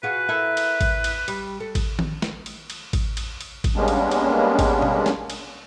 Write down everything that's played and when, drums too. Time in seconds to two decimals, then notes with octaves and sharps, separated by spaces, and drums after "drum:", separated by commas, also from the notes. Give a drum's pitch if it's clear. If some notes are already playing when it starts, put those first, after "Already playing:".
0.03 F4 F#4 G#4 B4
0.29 E4 A4 A#4
0.57 drum: cymbal
0.81 drum: kick G#1, cymbal
1.04 drum: cymbal
1.28 G3, drum: cymbal
1.60 A4
1.75 drum: kick G#1, cymbal
1.99 drum: tom D#3
2.22 drum: snare
2.46 drum: cymbal
2.70 drum: cymbal
2.93 drum: kick G#1, cymbal
3.17 drum: cymbal
3.41 drum: cymbal
3.64 drum: kick G#1, cymbal
3.76 G3 G#3 A#3 B3 C#4 D4
3.88 drum: cymbal
4.11 drum: cymbal
4.59 drum: kick G#1, cymbal
4.82 drum: tom B2
5.06 drum: snare
5.30 drum: cymbal